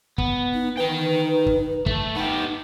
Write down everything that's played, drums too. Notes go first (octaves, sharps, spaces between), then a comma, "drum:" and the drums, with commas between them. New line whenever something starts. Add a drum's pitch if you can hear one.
B3, drum: kick
D#4
D#4 B4 G5
drum: kick
A3, drum: kick
B3 D#4 G4